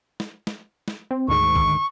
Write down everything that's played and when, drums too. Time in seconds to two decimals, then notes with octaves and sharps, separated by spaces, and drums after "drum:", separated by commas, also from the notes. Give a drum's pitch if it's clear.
0.20 drum: snare
0.47 drum: snare
0.88 drum: snare
1.11 C4
1.28 D2 G#2 D#3 C#6
1.55 drum: kick B1